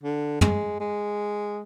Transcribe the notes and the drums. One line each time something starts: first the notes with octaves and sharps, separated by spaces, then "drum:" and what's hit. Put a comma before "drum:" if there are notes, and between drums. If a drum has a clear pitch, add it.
D3
G#3, drum: tom
G#3